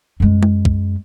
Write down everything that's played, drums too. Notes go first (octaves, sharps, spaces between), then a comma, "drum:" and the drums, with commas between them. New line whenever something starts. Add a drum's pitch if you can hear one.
F#2 G#3
drum: tom G#3
drum: kick